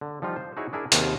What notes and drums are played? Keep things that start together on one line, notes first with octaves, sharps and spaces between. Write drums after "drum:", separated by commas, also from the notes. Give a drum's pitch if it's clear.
D3
F3 G3 D#4 F4
C5
D#4 E4 F#4 G#4 C#5
D4 E4 G#4 A#4
D#2 C3 B3 G#4 A#4 C#5, drum: hi-hat